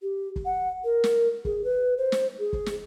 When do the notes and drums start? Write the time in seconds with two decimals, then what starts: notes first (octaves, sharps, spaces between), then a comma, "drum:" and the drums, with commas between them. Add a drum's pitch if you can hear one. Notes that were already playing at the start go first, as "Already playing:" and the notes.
0.02 G4
0.36 drum: kick F#1
0.45 F#5
0.84 A#4
1.04 drum: snare
1.45 G#4, drum: kick F#1
1.64 B4
1.98 C5
2.12 drum: snare
2.39 G#4
2.53 drum: kick F#1
2.66 drum: snare